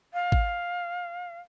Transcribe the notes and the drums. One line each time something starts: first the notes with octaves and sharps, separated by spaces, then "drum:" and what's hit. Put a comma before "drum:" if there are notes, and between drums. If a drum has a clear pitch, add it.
F5
drum: kick